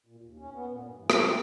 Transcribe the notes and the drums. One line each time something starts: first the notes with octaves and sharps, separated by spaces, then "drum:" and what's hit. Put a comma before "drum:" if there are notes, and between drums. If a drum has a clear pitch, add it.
A#2
D#2
C#4
B3
A#2
G2
E3
F4, drum: rim click
G4